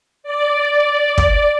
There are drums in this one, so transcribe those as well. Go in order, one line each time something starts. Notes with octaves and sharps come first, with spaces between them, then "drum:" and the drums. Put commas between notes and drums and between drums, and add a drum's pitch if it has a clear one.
D5
drum: kick